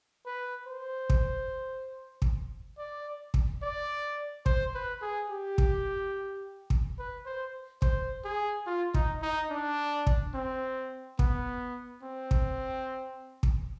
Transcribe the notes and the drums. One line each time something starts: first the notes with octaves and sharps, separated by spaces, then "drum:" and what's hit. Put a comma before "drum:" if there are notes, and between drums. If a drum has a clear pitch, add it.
B4
C5
drum: kick
drum: kick
D5
drum: kick
D5
C5, drum: kick
B4
G#4
G4
drum: kick
drum: kick
B4
C5
C5, drum: kick
G#4
F4
D#4, drum: kick
D#4
D4
drum: kick
C4
B3, drum: kick
C4
drum: kick
drum: kick